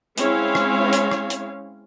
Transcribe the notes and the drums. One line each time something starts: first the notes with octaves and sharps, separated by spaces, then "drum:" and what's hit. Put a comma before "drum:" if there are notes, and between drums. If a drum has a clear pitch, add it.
G#3 C4 C#4 E4 C#5 F5, drum: hi-hat
drum: rim click
drum: hi-hat
drum: rim click
drum: hi-hat